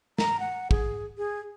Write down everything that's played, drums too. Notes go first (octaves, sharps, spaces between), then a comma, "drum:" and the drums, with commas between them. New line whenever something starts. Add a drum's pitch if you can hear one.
A#5, drum: snare
F#5
G#4, drum: kick
G#4